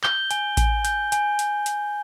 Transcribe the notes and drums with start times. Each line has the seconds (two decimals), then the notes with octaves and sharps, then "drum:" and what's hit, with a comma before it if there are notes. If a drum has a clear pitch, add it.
0.04 G6 G7, drum: clap
0.31 G#5, drum: hi-hat
0.57 G#5, drum: kick A1, hi-hat
0.85 G6, drum: hi-hat
1.12 G#5, drum: hi-hat
1.39 drum: hi-hat
1.66 drum: hi-hat